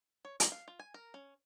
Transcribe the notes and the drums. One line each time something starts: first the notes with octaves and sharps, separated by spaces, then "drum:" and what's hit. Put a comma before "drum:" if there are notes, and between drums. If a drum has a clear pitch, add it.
C#5
A#5, drum: hi-hat
F5
F4
G#5
A#4
C#4